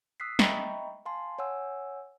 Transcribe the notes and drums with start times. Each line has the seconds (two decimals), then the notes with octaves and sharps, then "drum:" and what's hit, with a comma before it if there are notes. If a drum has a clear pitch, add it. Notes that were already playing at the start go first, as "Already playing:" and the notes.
0.20 D#6 E6 F#6 B6 C7
0.39 D#5 E5 G5 A#5 B5 C#6, drum: snare
1.06 F5 G#5 A5 C6
1.39 C#5 F#5 G#5 E6